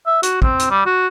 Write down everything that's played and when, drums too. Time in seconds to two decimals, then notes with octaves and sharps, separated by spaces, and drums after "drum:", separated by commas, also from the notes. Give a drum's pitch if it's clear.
0.07 E5
0.23 F#4, drum: hi-hat
0.42 C4, drum: kick
0.59 drum: hi-hat
0.71 G3
0.86 F#4